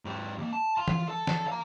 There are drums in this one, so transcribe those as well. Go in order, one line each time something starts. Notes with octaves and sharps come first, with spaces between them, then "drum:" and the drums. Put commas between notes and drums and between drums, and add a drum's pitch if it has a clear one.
G#2 G4
D#2 A#3
A5
F5 C6
drum: tom
A4 A5
drum: snare
F5 A#5